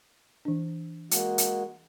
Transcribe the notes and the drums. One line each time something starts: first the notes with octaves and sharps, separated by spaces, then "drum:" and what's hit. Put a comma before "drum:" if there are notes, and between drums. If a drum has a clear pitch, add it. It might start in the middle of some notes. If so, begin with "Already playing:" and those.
E3 D4
G#3 A#3 F#4, drum: hi-hat
drum: hi-hat